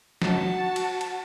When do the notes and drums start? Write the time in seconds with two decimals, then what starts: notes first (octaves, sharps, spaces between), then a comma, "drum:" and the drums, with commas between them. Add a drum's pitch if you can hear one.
0.22 F#4 A5, drum: snare
0.76 drum: cymbal
1.01 drum: cymbal